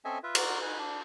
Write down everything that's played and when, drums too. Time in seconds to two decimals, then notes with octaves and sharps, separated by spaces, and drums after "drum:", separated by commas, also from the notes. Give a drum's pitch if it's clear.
0.05 C4 C#4 A4 D#5 E5 G#5
0.23 F4 B4 E5
0.35 F#4 A#4 D5 A#5 C6 F#6, drum: cymbal
0.62 D#4 B4 G#5
0.78 D4